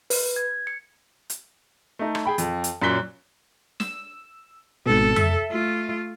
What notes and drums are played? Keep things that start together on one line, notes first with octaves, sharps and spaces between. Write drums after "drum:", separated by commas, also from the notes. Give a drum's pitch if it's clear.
B4, drum: open hi-hat
G#6
C#7
drum: hi-hat
A3 D#4
drum: rim click
G#4 G5 B5
F2, drum: hi-hat
drum: hi-hat
F#2 A#2 C#4 F#6 B6 G7
E6, drum: snare
G#1 B2 A4
E5, drum: tom F2
A3 F4